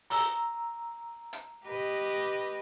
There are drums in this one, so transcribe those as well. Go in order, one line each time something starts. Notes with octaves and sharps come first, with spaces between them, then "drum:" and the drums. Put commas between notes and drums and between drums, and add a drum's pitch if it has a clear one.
A#5 E6, drum: open hi-hat
drum: hi-hat
G4 B4 D#5